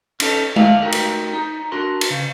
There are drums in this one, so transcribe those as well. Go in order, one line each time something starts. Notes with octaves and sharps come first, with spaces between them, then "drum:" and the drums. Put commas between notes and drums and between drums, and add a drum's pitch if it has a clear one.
C#4 D#4 A4 C#5, drum: cymbal
D#2 A3 D5 E5 F5, drum: tom G#3
A3 D#4 F#4 G4 A#4
drum: cymbal
D#4
D4 F#4 A#4 C6
drum: cymbal
C#3